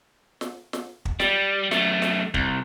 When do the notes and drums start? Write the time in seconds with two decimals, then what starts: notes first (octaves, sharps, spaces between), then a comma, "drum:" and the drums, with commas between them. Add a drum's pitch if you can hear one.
0.41 drum: snare
0.73 drum: snare
1.05 drum: kick
1.20 G3, drum: snare
1.71 F#2 A3, drum: snare
2.02 drum: snare
2.34 C2, drum: kick